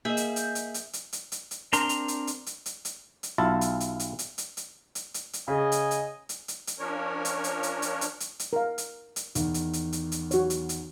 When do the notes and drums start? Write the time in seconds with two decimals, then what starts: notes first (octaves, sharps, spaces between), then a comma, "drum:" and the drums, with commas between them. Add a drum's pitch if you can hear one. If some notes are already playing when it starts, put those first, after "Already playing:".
0.05 A#3 G#4 D#5 E5 G6
0.17 drum: hi-hat
0.36 drum: hi-hat
0.55 drum: hi-hat
0.74 drum: hi-hat
0.93 drum: hi-hat
1.13 drum: hi-hat
1.32 drum: hi-hat
1.51 drum: hi-hat
1.73 C4 D4 A#4 A#5 C6, drum: hi-hat
1.89 drum: hi-hat
2.08 drum: hi-hat
2.27 drum: hi-hat
2.46 drum: hi-hat
2.66 drum: hi-hat
2.85 drum: hi-hat
3.23 drum: hi-hat
3.38 B1 E4 F4 A5
3.61 drum: hi-hat
3.80 drum: hi-hat
4.00 drum: hi-hat
4.19 drum: hi-hat
4.38 drum: hi-hat
4.57 drum: hi-hat
4.95 drum: hi-hat
5.14 drum: hi-hat
5.33 drum: hi-hat
5.48 C#3 D#5 G#5
5.72 drum: hi-hat
5.91 drum: hi-hat
6.29 drum: hi-hat
6.48 drum: hi-hat
6.67 drum: hi-hat
6.79 F3 C#4 D4 A#4 C#5
7.25 drum: hi-hat
7.44 drum: hi-hat
7.63 drum: hi-hat
7.82 drum: hi-hat
8.01 drum: hi-hat
8.20 drum: hi-hat
8.39 drum: hi-hat
8.53 A#4 F5
8.78 drum: hi-hat
9.16 drum: hi-hat
9.35 E2 D#3, drum: hi-hat
9.54 drum: hi-hat
9.73 drum: hi-hat
9.93 drum: hi-hat
10.12 drum: hi-hat
10.31 F#4 C#5, drum: hi-hat
10.50 drum: hi-hat
10.69 drum: hi-hat